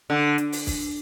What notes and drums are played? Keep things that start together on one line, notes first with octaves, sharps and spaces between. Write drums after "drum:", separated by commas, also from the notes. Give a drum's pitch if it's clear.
D3
drum: hi-hat
drum: open hi-hat
drum: kick, open hi-hat